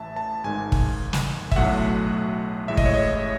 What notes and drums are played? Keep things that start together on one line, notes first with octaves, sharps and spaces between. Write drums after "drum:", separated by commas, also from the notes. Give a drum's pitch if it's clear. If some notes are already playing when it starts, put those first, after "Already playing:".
Already playing: A1 A2 E3 E5 A5
A5
G#1 G#2 D#3 G#5
drum: kick
drum: snare
E5, drum: kick
B1 A2 F#3 A3 F#5
A1 A2 G#3 E5
D#5, drum: kick
C#5
D#5